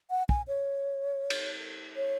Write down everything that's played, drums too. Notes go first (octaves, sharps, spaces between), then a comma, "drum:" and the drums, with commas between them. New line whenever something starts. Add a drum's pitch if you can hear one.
F#5
G#5, drum: kick
C#5
drum: cymbal
C#5